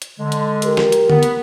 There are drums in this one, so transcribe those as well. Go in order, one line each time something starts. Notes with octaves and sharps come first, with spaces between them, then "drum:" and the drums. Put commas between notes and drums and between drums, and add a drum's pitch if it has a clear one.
drum: hi-hat
D3 G#3
drum: hi-hat
G4 A#4, drum: hi-hat
drum: snare
drum: hi-hat
B3, drum: tom D3
drum: hi-hat